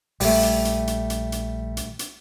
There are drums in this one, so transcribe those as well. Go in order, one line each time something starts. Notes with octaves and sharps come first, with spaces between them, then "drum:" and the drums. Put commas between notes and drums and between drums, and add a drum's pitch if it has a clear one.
A#1 G3 A3, drum: open hi-hat
drum: hi-hat
drum: hi-hat
drum: hi-hat
drum: hi-hat
drum: hi-hat
drum: hi-hat
drum: hi-hat